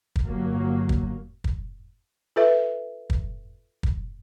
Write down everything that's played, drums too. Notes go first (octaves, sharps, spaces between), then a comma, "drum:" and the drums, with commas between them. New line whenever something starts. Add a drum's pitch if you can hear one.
drum: kick
G1 F#3 A#3
drum: kick
drum: kick
F4 A4 B4 E5
drum: kick
drum: kick